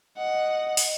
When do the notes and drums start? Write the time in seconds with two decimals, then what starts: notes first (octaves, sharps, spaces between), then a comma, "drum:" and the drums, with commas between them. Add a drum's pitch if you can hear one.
0.18 D#5 F#5
0.77 drum: open hi-hat